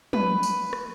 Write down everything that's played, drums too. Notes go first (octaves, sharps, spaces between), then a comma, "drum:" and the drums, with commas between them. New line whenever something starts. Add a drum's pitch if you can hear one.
B4, drum: tom
drum: tambourine
drum: rim click